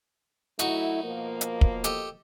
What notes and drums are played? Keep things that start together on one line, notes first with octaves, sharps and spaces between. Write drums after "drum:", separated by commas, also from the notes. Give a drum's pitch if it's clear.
F#3 A3 D#4 E4 F#4, drum: hi-hat
B2 F3 A#3
drum: hi-hat
drum: kick
G4 A4 D#5, drum: hi-hat